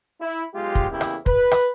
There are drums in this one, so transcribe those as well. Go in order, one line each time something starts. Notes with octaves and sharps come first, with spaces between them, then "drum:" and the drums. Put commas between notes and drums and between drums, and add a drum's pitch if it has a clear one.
E4
B1 G#3 F4 G4
drum: kick
E2 C#3 A#3 E4 G4
drum: rim click
B4, drum: kick
drum: rim click